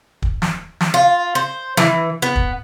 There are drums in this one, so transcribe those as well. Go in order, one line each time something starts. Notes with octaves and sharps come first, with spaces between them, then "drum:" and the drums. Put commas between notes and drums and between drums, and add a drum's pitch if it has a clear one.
drum: kick
drum: snare
drum: snare
F4
C5
E3, drum: snare
B3
drum: kick